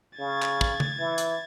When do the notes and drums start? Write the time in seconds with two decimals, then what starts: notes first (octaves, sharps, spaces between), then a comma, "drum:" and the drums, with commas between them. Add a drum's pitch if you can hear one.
0.19 C#3 G#6 A6
0.42 drum: clap
0.61 drum: kick
0.80 drum: tom C#3
0.99 E3
1.18 drum: hi-hat